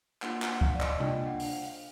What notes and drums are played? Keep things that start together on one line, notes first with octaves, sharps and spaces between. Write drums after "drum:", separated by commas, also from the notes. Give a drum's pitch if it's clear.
A#3 D4 F4 F#5, drum: clap
F#5, drum: clap
F5, drum: kick
D5
D#5, drum: clap
A#3 D4 F4 G5, drum: tom C3
F#5
drum: open hi-hat
F5